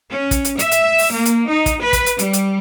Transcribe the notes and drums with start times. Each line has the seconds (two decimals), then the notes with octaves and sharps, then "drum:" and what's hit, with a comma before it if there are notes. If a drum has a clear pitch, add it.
0.11 C#4
0.31 drum: kick, hi-hat
0.45 drum: hi-hat
0.59 E5, drum: hi-hat
0.71 drum: hi-hat
0.98 drum: open hi-hat
1.12 A#3
1.25 drum: hi-hat
1.49 D#4
1.66 drum: kick, hi-hat
1.82 B4
1.93 drum: kick, hi-hat
2.06 drum: hi-hat
2.19 G3, drum: hi-hat
2.33 drum: hi-hat